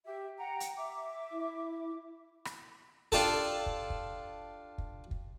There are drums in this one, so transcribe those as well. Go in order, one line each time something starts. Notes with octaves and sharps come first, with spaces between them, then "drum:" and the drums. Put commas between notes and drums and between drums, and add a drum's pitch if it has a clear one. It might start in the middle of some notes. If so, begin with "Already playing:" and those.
G4 E5
F#5 G5 A#5
drum: hi-hat
E5 D6
E4
drum: rim click
D4 F4 G4 A4, drum: kick
drum: kick
drum: kick
drum: kick
drum: kick